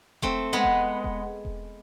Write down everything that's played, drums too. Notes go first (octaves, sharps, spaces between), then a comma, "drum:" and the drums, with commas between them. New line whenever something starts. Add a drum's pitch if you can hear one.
A3 C4, drum: kick E1
G#3 B3
drum: kick E1
drum: kick E1
drum: kick E1